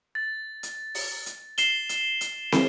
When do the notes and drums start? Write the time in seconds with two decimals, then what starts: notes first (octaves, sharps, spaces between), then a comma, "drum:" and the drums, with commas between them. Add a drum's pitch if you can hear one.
0.15 A6
0.63 drum: hi-hat
0.95 drum: open hi-hat
1.26 drum: hi-hat
1.58 C7 E7 G7, drum: hi-hat
1.89 drum: hi-hat
2.21 drum: hi-hat
2.52 drum: snare